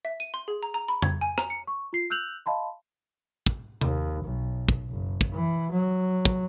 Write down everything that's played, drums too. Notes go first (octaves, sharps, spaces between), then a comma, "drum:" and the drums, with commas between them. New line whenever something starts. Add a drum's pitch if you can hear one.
E5
D#7
C6
G#4
A#5
A#5
B5
G#6, drum: tom F2
G#5
A#5, drum: rim click
C#7
C#6
F4 C7
E6 F#6 G6 F7 F#7
D#5 F5 A5 B5 C6
drum: kick
D#2, drum: tom C3
B1
drum: kick
F#1
drum: kick
E3
F#3
drum: kick